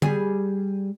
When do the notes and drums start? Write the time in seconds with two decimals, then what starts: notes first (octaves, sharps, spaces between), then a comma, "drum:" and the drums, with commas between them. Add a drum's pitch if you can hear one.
0.02 G3 G#4, drum: tom